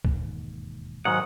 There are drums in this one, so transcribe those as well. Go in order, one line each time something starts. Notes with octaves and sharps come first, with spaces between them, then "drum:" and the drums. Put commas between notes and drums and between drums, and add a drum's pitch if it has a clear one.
E1 D#2 G#2, drum: kick
G#2 D#3 F#3 F#5 D#6